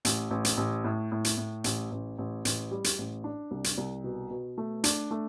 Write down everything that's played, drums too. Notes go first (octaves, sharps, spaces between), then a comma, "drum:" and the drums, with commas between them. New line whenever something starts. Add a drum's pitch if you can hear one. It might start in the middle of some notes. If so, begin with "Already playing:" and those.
A1, drum: hi-hat
A1
drum: hi-hat
A1
A2
A2
drum: hi-hat
A2
A1, drum: hi-hat
A1
A1
A1, drum: hi-hat
G3
drum: hi-hat
A1
D4
C2
drum: hi-hat
C2
B2
B2
A3
D4, drum: hi-hat
A3